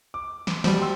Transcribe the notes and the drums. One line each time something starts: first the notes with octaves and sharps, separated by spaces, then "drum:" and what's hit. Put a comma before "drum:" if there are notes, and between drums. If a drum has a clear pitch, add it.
D6
drum: snare
F3 G3 F#4 G4, drum: snare
G5 C6 E6